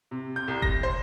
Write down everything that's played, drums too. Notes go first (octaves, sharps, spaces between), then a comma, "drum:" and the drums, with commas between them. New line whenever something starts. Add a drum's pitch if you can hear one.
C3
G6
C2
A#6, drum: kick F#1
C5